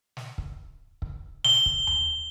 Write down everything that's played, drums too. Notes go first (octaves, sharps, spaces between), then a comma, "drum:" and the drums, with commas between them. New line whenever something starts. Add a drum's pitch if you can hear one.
drum: snare
drum: kick
drum: kick
G7, drum: snare
drum: kick
drum: tom D#2